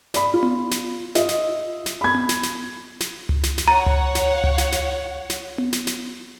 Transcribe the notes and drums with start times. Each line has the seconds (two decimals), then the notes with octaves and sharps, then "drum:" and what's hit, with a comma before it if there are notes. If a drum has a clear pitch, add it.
0.14 D5 B5, drum: snare
0.34 F4
0.43 drum: tom B3
0.71 drum: snare
1.15 F4 D#5 E5, drum: snare
1.29 drum: snare
1.86 drum: snare
2.01 B5 G#6
2.15 drum: tom B3
2.29 drum: snare
2.43 drum: snare
3.00 drum: snare
3.29 drum: tom C#2
3.43 drum: snare
3.58 drum: snare
3.68 C#5 F#5 A#5
3.86 drum: tom C#2
4.15 drum: snare
4.44 drum: tom C#2
4.58 drum: snare
4.72 drum: snare
5.30 drum: snare
5.58 drum: tom B3
5.73 drum: snare
5.87 drum: snare